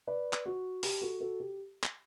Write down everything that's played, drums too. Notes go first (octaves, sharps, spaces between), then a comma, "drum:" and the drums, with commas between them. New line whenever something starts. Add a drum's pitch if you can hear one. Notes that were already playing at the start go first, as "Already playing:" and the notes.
B4 D5
drum: clap
F#4
G4, drum: open hi-hat
F#4 A4
F#4 A4
G4
drum: clap